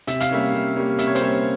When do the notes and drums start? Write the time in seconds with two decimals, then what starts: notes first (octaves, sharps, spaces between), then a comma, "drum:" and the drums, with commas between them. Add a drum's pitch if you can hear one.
0.07 C3 E5, drum: hi-hat
0.21 F5, drum: hi-hat
0.30 G3 A#3 C#4 E5
0.53 C3
0.75 G3 A#3 C#4
0.99 C3 E5, drum: hi-hat
1.07 C#5
1.15 C5, drum: hi-hat
1.21 G3 A#3 C#4 C#5